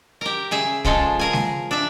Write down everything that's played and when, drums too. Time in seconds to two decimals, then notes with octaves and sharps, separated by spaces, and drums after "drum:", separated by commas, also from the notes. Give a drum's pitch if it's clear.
0.21 G4 A#4
0.51 C#3 G#4 E5
0.85 C#3 F3 G#3 A4, drum: kick
1.19 G#4 A#4 G#5
1.33 drum: snare G#3
1.71 D4 E5